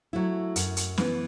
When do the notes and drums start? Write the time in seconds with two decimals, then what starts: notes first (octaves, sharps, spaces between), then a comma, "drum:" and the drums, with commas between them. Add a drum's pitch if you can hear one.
0.13 F#3 A3 E4
0.56 F#2, drum: hi-hat
0.77 drum: hi-hat
0.98 E3 B3, drum: snare